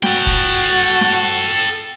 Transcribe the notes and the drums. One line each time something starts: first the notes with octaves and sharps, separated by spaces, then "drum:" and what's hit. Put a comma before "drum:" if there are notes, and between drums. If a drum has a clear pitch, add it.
F#4 A4 G5, drum: snare
drum: kick D#1
drum: snare